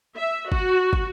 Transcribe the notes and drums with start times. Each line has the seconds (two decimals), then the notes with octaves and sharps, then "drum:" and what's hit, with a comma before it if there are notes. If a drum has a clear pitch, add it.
0.17 E5
0.52 F#4, drum: kick
0.93 drum: kick